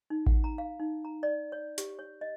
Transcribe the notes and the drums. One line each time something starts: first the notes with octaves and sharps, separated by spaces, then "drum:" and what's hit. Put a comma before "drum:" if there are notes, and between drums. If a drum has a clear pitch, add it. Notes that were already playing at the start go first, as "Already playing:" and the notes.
D#4
F#5, drum: kick A1
A#5
F5
D#4
A#5
D5
C#5
G4, drum: hi-hat
C#5
D#5